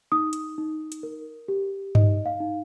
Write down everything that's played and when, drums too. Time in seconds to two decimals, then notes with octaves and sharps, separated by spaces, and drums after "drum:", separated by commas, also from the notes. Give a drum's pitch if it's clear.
0.12 D#4 D#6
0.33 drum: hi-hat
0.58 D#4
0.92 drum: hi-hat
1.03 A#4
1.48 G4
1.95 D#4 D#5, drum: tom G2
2.26 F5
2.40 D#4